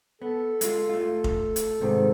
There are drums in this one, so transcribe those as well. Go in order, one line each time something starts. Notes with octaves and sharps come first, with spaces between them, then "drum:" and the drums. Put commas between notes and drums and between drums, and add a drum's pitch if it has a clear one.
B3 A4
G#3 F4, drum: hi-hat
A3 F4
drum: kick F1
drum: hi-hat
G#2 C3 D#3